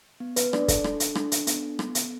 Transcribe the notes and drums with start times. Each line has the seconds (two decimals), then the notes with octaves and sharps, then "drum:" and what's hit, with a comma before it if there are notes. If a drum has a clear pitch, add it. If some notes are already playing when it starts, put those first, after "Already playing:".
0.20 B3
0.36 B4, drum: hi-hat
0.53 D4 D5, drum: rim click
0.68 A4, drum: kick, hi-hat
0.84 D4, drum: rim click
1.00 drum: hi-hat
1.15 D4, drum: rim click
1.32 drum: hi-hat
1.47 B3, drum: hi-hat
1.79 B3, drum: rim click
1.95 drum: hi-hat